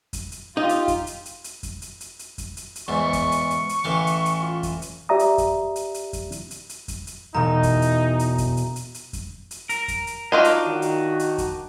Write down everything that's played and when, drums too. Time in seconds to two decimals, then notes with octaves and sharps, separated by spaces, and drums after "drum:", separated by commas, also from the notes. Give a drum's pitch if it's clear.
0.13 drum: kick F2, hi-hat
0.32 drum: hi-hat
0.57 D#4 F4 G4
0.69 drum: hi-hat
0.88 drum: kick F2, hi-hat
1.07 drum: hi-hat
1.25 drum: hi-hat
1.44 drum: hi-hat
1.63 drum: kick F2, hi-hat
1.82 drum: hi-hat
2.00 drum: hi-hat
2.19 drum: hi-hat
2.38 drum: kick F2, hi-hat
2.57 drum: hi-hat
2.75 drum: hi-hat
2.88 E2 G#2 C#6
3.13 drum: kick F2, hi-hat
3.32 drum: hi-hat
3.51 drum: hi-hat
3.69 drum: hi-hat
3.84 A1 E3 F5
4.07 drum: hi-hat
4.26 drum: hi-hat
4.41 F4
4.63 drum: kick F2, hi-hat
4.82 drum: hi-hat
5.09 G4 D5 E5 A#5 D#6
5.19 drum: hi-hat
5.38 drum: kick F2, hi-hat
5.76 drum: hi-hat
5.94 drum: hi-hat
6.13 drum: kick F2, hi-hat
6.32 drum: hi-hat
6.51 drum: hi-hat
6.69 drum: hi-hat
6.88 drum: kick F2, hi-hat
7.07 drum: hi-hat
7.35 E1 B2 D#4 A#5
7.63 drum: kick F2, hi-hat
7.82 drum: hi-hat
8.19 drum: hi-hat
8.38 drum: kick F2, hi-hat
8.57 drum: hi-hat
8.76 drum: hi-hat
8.94 drum: hi-hat
9.13 drum: kick F2, hi-hat
9.51 drum: hi-hat
9.69 A#4, drum: hi-hat
9.88 drum: kick F2, hi-hat
10.07 drum: hi-hat
10.32 F#3 D4 D#4 F4 D#5
10.44 drum: hi-hat
10.67 D#3 F#4
10.82 drum: hi-hat
11.19 drum: hi-hat
11.38 drum: kick F2, hi-hat